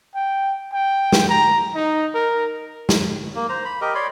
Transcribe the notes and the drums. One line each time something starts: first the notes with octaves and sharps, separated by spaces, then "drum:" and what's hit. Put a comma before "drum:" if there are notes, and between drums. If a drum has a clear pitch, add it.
G5
G5
drum: snare
A#5
D#4
A#4
drum: snare
A#3
C5 A#5
B5
G4 A#4 D#5
C#5 D5 B5 C6